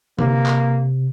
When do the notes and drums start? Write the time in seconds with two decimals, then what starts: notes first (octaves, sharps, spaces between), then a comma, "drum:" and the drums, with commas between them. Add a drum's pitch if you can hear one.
0.19 C3 A#3, drum: tom D3
0.46 drum: clap